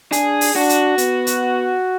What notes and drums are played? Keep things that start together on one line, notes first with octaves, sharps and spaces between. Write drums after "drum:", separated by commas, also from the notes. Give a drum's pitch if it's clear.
D4 G#4, drum: hi-hat
drum: open hi-hat
D4 F#4
drum: hi-hat
B3, drum: hi-hat
drum: hi-hat